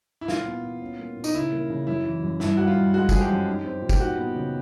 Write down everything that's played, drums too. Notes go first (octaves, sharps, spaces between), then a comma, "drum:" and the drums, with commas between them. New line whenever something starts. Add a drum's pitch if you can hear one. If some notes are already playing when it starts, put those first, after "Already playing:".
E4
A#2 F4, drum: snare
B3
A#2
C#4
A#3
A#2
D#4, drum: tambourine
C#3 E4
A#3
C#3
F#2 E4
E3
F#2
G2 E4, drum: snare
G3 F#4
F4
G2
G#3 F#4
F3 G#4, drum: kick, tambourine
G4
F#2
D#4
C4
A#2
G4, drum: kick, tambourine
D#4 F#4
B3
C#3